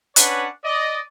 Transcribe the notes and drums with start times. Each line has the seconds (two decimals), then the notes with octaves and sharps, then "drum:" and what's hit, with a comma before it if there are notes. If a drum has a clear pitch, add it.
0.16 C#4 D4 B4 C#5 F#5, drum: hi-hat
0.64 D5 D#5